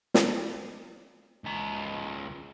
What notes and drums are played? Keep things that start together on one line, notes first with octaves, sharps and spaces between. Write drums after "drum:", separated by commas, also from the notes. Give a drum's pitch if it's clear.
drum: snare
C#2 A#5